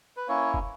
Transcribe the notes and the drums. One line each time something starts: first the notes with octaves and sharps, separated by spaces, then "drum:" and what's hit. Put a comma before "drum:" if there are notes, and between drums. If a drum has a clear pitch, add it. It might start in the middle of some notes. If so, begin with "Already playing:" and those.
B4
A#3 C#4 E4 C#5
drum: kick